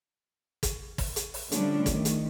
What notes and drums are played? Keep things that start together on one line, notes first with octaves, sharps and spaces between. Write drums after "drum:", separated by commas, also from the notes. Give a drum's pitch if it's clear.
drum: kick, hi-hat
drum: kick, open hi-hat
drum: hi-hat
drum: open hi-hat
D3 F3 G3 A3 C#4 D4, drum: hi-hat
D#3 A3, drum: kick, hi-hat
drum: hi-hat